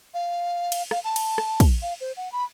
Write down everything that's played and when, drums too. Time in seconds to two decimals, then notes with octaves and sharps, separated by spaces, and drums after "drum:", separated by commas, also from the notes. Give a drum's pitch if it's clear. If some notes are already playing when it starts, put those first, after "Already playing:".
0.14 F5
0.72 drum: cymbal
0.91 F5, drum: rim click
1.04 A5
1.16 drum: cymbal
1.38 drum: rim click
1.60 drum: kick, cymbal
1.82 F5
2.01 C5
2.17 F#5
2.32 B5